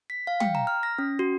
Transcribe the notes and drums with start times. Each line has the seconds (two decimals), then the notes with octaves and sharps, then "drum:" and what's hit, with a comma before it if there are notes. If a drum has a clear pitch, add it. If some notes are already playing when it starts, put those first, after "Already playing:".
0.10 B6
0.27 F5
0.40 G5, drum: tom
0.55 A#5
0.67 F6
0.83 A#6
0.99 C#4
1.19 F#4